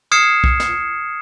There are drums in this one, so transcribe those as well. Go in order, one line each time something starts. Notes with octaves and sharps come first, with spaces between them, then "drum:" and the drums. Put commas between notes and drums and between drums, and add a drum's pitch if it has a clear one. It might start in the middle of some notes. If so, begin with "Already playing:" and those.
D#6 F6 G#6 C7 C#7 E7
drum: kick B1
drum: snare